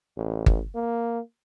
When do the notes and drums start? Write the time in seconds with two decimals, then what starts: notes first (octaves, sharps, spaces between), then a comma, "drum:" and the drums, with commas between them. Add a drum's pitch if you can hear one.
0.17 A1
0.46 drum: kick G1
0.75 A#3